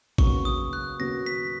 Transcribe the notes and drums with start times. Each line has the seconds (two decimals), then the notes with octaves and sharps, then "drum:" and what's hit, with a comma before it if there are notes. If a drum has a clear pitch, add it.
0.18 D#2 C#3 F#3 B3 F#4 C#6, drum: kick
0.45 D#6
0.73 F#6
0.99 D#2 C#3 F#3 B3 F#4 A#6
1.26 B6